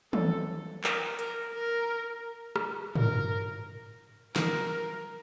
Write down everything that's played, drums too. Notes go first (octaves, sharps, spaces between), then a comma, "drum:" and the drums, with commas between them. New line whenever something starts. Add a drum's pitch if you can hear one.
A4, drum: tom
A#4, drum: clap
A#4, drum: hi-hat
A#4
drum: rim click
A#4, drum: tom
A#4, drum: snare